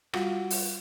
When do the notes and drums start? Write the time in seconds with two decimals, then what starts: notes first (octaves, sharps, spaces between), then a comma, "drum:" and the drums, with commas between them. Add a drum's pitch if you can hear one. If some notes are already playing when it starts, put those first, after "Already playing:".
0.13 G3 F4 F#4 F5 F#5, drum: rim click
0.50 drum: open hi-hat